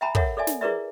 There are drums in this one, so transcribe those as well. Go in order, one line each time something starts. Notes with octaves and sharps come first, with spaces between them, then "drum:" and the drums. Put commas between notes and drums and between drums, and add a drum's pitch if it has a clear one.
E5 G5 G#5 A#5 B5
A4 A#4 C#5 E5 F#5, drum: kick
A4 D5 E5 G#5
drum: snare
E4 G#4 A#4 B4 D5 E5